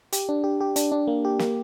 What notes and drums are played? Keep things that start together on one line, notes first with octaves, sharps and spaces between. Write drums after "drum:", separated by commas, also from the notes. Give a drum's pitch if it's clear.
G4, drum: hi-hat
D4
G4
G4
D4, drum: hi-hat
D4
A#3
G4
A#3, drum: snare